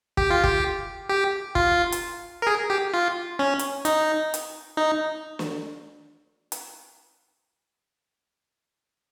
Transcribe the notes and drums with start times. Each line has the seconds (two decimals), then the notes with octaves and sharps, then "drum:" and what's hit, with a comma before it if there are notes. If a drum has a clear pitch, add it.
0.17 G4, drum: kick
0.30 F4
0.44 G4, drum: kick
1.10 G4
1.55 F4, drum: kick
1.92 drum: hi-hat
2.42 A#4
2.47 G#4
2.70 G4
2.94 F4
3.39 C#4
3.59 drum: hi-hat
3.85 D#4, drum: hi-hat
4.34 drum: hi-hat
4.77 D#4
5.39 drum: snare
6.52 drum: hi-hat